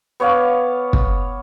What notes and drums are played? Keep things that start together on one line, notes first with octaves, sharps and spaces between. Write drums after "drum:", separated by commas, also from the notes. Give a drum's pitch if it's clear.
B3 C#5 F5 D6
drum: kick